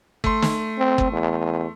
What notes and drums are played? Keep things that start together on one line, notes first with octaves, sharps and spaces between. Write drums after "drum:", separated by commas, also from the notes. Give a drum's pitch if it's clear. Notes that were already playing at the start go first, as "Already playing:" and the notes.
A3 C6, drum: kick
drum: snare
C4
drum: kick
E2